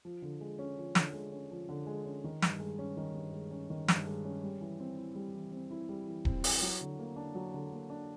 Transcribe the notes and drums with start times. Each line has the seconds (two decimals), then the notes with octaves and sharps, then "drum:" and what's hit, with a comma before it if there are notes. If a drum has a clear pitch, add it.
0.05 F3
0.22 D3
0.41 G#3
0.59 C#4
0.77 F3
0.95 D3, drum: snare
1.13 G#3
1.32 C#4
1.51 F3
1.69 D3
1.86 G#3
2.06 C#4
2.24 D#3
2.42 G2, drum: snare
2.60 G#3
2.78 C#4
2.97 D#3
3.15 G2
3.33 G#3
3.51 C#4
3.70 D#3
3.88 G2, drum: snare
4.07 G#3
4.25 C#4
4.43 G3
4.61 E3
4.80 C4
4.97 E4
5.15 G3
5.34 E3
5.52 C4
5.71 E4
5.89 G3
6.07 E3
6.25 C4, drum: kick D#1
6.44 E4, drum: open hi-hat
6.62 F#3
6.81 D3
6.99 A#3
7.16 D4
7.35 F#3
7.54 D3
7.72 A#3
7.90 D4